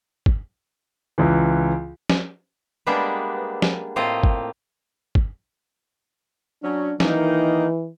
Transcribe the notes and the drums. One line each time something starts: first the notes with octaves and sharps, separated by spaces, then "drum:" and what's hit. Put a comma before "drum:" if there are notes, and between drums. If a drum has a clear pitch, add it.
drum: kick
C#2 E3
drum: snare
G3 G#3 A#3 B3 D4
drum: snare
A2 A#3 C4 F4 D#5
drum: kick
drum: kick
F#3 C#4 D4
D#3 E3 A#3 D#4, drum: snare